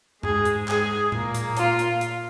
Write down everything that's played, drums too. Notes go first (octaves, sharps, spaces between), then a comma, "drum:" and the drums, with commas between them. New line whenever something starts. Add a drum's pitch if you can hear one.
G#2 G#3 G#4, drum: tom F#2
drum: hi-hat
G#4, drum: clap
A#2 A#3, drum: tom A2
drum: hi-hat
F4, drum: hi-hat
drum: hi-hat
drum: hi-hat